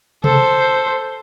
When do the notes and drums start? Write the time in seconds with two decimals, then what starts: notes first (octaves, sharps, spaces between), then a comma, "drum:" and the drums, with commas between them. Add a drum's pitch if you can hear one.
0.24 A4 C5, drum: tom C3